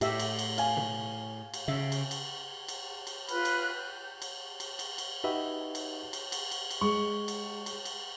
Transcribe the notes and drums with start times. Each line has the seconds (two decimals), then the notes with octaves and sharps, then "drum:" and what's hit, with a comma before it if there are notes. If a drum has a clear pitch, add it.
0.01 A2 G4 E5, drum: cymbal
0.20 drum: cymbal
0.39 drum: cymbal
0.58 F5 G#5, drum: cymbal
0.77 drum: tom B2
1.54 drum: cymbal
1.68 C#3 E5
1.92 drum: cymbal
2.11 drum: cymbal
2.68 drum: cymbal
3.07 drum: cymbal
3.29 F4 B4 B5 F6, drum: cymbal
3.45 drum: cymbal
3.72 G6
4.22 drum: cymbal
4.60 drum: cymbal
4.79 drum: cymbal
4.98 drum: cymbal
5.24 D#4 F#4 G4 B4 D#5 E5
5.75 drum: cymbal
6.13 drum: cymbal
6.32 drum: cymbal
6.51 drum: cymbal
6.71 drum: cymbal
6.81 G#3 C#6
7.28 drum: cymbal
7.66 drum: cymbal
7.85 drum: cymbal